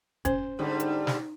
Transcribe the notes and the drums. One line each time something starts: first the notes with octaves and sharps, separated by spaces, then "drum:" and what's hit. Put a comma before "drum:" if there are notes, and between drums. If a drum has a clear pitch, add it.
C#4 C5, drum: kick F1, hi-hat
G#2 D3 G3 D#4
drum: hi-hat
drum: snare